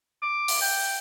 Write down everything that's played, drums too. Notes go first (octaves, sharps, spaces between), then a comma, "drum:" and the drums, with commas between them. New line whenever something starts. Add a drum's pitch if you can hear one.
D6
drum: open hi-hat
G5